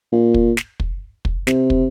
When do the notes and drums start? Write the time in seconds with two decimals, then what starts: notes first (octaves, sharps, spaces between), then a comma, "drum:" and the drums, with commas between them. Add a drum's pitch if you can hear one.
0.12 A#2
0.34 drum: kick
0.57 drum: snare
0.80 drum: kick
1.25 drum: kick
1.47 C3, drum: snare
1.70 drum: kick